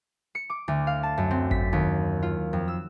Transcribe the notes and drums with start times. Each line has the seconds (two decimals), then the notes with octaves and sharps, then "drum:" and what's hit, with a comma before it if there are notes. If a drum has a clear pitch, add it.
0.35 C#7
0.50 D6
0.68 D2
0.87 F5
1.03 A5
1.18 F#2
1.31 C4
1.51 B6, drum: kick G#1
1.73 D#2
2.22 F4
2.53 F2
2.68 E6